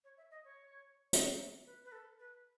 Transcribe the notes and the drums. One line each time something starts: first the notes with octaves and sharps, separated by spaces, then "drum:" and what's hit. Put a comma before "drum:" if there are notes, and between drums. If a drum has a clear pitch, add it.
C#5
E5
D#5
C#5
drum: hi-hat
B4
B4
A4
B4